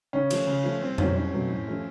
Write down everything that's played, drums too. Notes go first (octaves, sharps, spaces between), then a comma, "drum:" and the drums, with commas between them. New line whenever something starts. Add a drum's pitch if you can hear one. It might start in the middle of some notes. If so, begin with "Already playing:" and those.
C#3 C#4
F3 A3, drum: cymbal
C#3
F3 A3
C2 C4
B2 F#3 A3 C4 C#4, drum: tom F2
C2 C#4
B2 F#3 A3 C4
A2
F3 A3 C#4